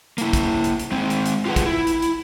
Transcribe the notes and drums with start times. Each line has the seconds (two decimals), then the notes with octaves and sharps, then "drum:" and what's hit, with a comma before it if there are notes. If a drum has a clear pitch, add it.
0.18 A#3 E4, drum: hi-hat
0.33 drum: kick, hi-hat
0.64 drum: hi-hat
0.79 drum: hi-hat
0.92 G#3 C4
1.10 drum: hi-hat
1.26 drum: hi-hat
1.45 F4 G4 G#4 B4 F#5
1.56 drum: kick, hi-hat
1.66 E4
1.87 drum: hi-hat
2.02 drum: hi-hat